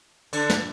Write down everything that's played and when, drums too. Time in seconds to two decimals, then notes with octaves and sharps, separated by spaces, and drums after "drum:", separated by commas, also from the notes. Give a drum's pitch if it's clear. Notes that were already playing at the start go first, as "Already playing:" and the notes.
0.33 D3, drum: cymbal
0.50 drum: snare